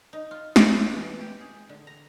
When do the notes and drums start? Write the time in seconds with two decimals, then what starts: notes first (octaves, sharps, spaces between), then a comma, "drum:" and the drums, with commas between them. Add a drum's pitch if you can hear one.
0.13 D#4
0.31 F4
0.56 F#5, drum: snare G#3
0.72 A#3
0.93 E3
1.21 G4
1.40 G#4
1.69 D3
1.87 A#5